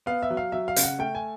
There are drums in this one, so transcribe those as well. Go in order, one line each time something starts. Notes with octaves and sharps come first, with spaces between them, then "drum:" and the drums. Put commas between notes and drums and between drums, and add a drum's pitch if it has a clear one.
B3 F5
E5
F#3
F5
F#3 E5
F5
C#3, drum: hi-hat
F#5
A3 G5
G#5